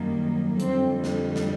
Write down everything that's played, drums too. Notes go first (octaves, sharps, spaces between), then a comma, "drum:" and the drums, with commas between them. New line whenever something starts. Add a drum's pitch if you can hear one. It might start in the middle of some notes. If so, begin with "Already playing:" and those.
Already playing: F#2 D#3 G3 A#3
F2 D3 G3 C4, drum: hi-hat
drum: snare
drum: snare